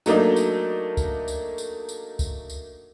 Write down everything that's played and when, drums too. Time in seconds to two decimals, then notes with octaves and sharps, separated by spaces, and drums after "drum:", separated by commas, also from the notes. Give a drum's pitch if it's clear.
0.06 F#3 A3 A#3 D4 D#4, drum: tambourine
0.36 drum: tambourine
0.97 drum: kick C#2, tambourine
1.28 drum: tambourine
1.58 drum: tambourine
1.89 drum: tambourine
2.19 drum: kick C#2, tambourine
2.50 drum: tambourine